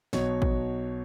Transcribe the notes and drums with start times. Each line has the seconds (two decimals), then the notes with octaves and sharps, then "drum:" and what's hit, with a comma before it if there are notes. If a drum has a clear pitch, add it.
0.13 B1 B2 F#3 C#5, drum: snare
0.42 drum: kick